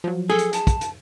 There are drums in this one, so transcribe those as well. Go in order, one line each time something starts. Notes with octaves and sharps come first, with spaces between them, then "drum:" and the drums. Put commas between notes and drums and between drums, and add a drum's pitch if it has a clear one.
F3 F#3
G#4 A4
drum: hi-hat
A5, drum: hi-hat
drum: kick, hi-hat
drum: hi-hat